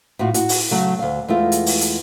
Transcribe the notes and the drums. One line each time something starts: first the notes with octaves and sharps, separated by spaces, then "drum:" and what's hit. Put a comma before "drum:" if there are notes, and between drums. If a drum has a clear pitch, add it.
A2 F4 F#4
F#4, drum: hi-hat
drum: open hi-hat
C#3 F#3 A3
D2 F5
E2 G#3 A3 F4
drum: hi-hat
drum: open hi-hat
drum: hi-hat